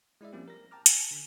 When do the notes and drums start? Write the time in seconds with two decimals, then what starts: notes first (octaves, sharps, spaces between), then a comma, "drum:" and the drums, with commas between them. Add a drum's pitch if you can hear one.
0.21 G#3 E4 D5 E5
0.33 F3 G3 A#3 C4 C#4 G4
0.48 A#4 A#6
0.71 G5 A5 A#5 D6 F6
0.86 G#5 A5, drum: hi-hat
1.11 D3 B6